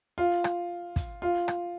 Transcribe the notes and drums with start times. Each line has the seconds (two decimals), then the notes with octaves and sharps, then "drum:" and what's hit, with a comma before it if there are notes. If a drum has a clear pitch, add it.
0.18 F4
0.44 drum: rim click
0.96 drum: kick, hi-hat
1.22 F4
1.48 drum: rim click